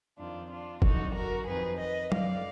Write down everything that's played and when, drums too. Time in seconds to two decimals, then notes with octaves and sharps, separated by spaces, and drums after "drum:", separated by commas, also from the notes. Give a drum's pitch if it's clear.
0.17 F2 D#3 D4 F4
0.50 D4 F4
0.82 F#2 D3 D#4 F#4, drum: kick
1.14 F#4 A#4
1.46 F2 D#3 G#4 B4
1.80 B4 D#5
2.12 F#2 D3 D5 F5, drum: tom F#3